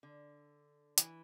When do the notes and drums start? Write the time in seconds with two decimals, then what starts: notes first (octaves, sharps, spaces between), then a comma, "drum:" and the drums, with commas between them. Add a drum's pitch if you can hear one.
0.03 D3
0.98 E3, drum: hi-hat